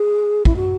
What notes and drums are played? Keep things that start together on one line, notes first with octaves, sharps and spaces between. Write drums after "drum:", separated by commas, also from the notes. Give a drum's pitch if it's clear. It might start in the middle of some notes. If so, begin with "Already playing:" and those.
Already playing: G#4
E4, drum: kick
F#4